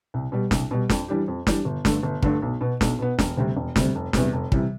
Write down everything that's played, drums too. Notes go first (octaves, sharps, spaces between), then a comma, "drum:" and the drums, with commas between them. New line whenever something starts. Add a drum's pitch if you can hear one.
C2
B2 G3
C2, drum: snare
B2 G3
F2, drum: snare
E3 G3 D4 G4
F2
E3 G3 D4 G4, drum: snare
G1
G2 D3 A3 D4, drum: snare
G1
G2 D3 A3 D4, drum: kick
B1
B2 B3
B1, drum: snare
B2 B3
E1, drum: snare
D2 C3 G3 C4
E1
D2 C3 G3 C4, drum: snare
F1
E2 C3 E3 G3, drum: snare
F1
C3 E3 G3, drum: kick